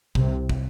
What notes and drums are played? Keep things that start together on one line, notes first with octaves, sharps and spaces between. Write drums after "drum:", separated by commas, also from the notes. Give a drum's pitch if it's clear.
C2 C3, drum: kick
drum: kick